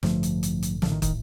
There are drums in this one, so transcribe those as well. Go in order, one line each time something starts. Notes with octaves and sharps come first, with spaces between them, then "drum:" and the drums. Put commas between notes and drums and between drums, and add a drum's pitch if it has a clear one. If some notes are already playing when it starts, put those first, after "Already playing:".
A1 G2 D3 F3 A3, drum: snare
drum: hi-hat
drum: hi-hat
drum: hi-hat
A#1 A2 D3 F3, drum: snare
D#3
D#3, drum: kick, hi-hat